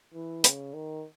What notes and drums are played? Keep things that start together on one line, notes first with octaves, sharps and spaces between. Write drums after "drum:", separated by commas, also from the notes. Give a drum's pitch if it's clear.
E3
C#3, drum: hi-hat
D#3